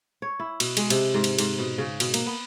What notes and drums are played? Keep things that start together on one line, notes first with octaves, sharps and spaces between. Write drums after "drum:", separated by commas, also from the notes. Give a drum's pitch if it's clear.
C#5
E4
B2, drum: cymbal
G#3, drum: cymbal
C3, drum: cymbal
G#2
drum: cymbal
G#2, drum: cymbal
B2
C#3
B2, drum: cymbal
A#3, drum: cymbal
B3